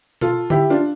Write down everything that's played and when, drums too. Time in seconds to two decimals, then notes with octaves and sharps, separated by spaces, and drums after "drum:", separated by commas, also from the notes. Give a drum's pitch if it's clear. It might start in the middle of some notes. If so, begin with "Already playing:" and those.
0.21 F4 A4, drum: tom B2
0.50 E4 G4, drum: tom D3
0.70 D4 F4